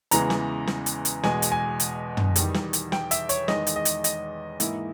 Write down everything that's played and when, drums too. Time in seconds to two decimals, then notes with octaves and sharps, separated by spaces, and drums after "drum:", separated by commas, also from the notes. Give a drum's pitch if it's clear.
0.11 E2 C#3 E3 G#3 B3 A#5, drum: hi-hat
0.30 drum: snare
0.67 drum: snare
0.86 drum: hi-hat
1.05 drum: hi-hat
1.23 E2 B2 G#3 G#5, drum: snare
1.42 drum: hi-hat
1.52 G#5
1.80 drum: hi-hat
2.17 drum: tom
2.36 E2 D#3 G3, drum: hi-hat
2.54 drum: snare
2.73 drum: hi-hat
2.92 G5, drum: snare
3.11 E5, drum: hi-hat
3.29 C#5, drum: hi-hat
3.48 E2 D#3 G#3 D#5, drum: snare
3.67 drum: hi-hat
3.76 D#5
3.85 drum: hi-hat
4.04 D#5, drum: hi-hat
4.60 G#2 E3 A#3 E4, drum: hi-hat